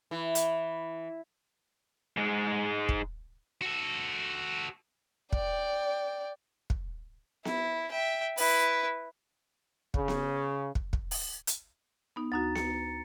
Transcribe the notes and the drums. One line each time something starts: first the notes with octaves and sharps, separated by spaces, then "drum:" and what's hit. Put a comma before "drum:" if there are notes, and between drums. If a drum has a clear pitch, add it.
E3
drum: hi-hat
G#2 G#3
drum: kick
F#4 A4
D5 G5, drum: kick
drum: kick
E4, drum: snare B3
E5 G5
E4 B4, drum: open hi-hat
C#3, drum: kick
drum: snare B3
drum: kick
drum: kick
drum: open hi-hat
drum: hi-hat
B3 D#4
D2 D#4 F#4 A#5 A6
C#7, drum: snare B3